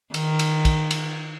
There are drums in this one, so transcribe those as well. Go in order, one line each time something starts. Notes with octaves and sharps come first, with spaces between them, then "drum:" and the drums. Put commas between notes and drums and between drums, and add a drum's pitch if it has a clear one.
D#3, drum: cymbal
drum: cymbal
drum: kick, cymbal
drum: cymbal